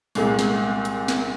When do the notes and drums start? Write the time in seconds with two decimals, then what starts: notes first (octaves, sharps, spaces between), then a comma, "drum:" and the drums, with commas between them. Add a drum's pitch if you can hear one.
0.15 C2 A#2 G#3, drum: open hi-hat
0.39 drum: snare
0.85 drum: hi-hat
1.08 drum: snare